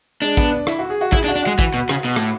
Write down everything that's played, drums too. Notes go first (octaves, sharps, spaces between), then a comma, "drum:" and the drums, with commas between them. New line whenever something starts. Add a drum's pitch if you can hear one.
G#3 D4
B3, drum: kick A1, hi-hat
D4
E4, drum: rim click
F#4
G#4
F#4
E4 G#4, drum: kick A1
D4
F#4, drum: hi-hat
D4
G#3 F#4
E3, drum: kick A1, hi-hat
B2
C#3, drum: rim click
B2
A2, drum: rim click